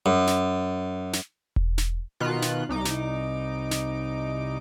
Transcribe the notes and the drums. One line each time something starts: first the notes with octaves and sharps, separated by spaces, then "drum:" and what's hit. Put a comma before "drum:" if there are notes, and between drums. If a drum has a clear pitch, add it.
F#2
drum: snare
drum: snare
drum: kick E1
drum: snare
B2 D#3 B3 F4 F#6
drum: snare
C2 D#4 D6
drum: snare
drum: snare